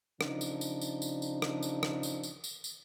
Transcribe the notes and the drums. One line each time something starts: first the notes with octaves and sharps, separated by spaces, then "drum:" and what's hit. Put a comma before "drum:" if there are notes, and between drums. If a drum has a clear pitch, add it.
C#3 F3 D4 D#4, drum: rim click
drum: tambourine
drum: tambourine
drum: tambourine
drum: tambourine
drum: tambourine
drum: rim click
drum: tambourine
drum: rim click
drum: tambourine
drum: tambourine
drum: tambourine
drum: tambourine